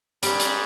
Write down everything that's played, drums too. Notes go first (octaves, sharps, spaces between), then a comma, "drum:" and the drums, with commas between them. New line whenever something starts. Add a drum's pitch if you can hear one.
G#2 G3 G4, drum: hi-hat
drum: hi-hat